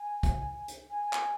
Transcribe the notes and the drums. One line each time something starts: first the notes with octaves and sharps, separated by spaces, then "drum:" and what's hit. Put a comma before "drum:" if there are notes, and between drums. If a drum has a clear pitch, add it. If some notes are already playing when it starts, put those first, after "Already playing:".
Already playing: G#5
drum: kick, hi-hat
drum: hi-hat
G#5
drum: clap